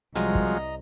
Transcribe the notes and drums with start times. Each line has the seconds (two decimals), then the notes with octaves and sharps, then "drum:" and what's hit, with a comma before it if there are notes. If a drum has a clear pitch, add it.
0.15 C2 F3 F#3 G#3 D#5 A#5, drum: hi-hat
0.35 drum: kick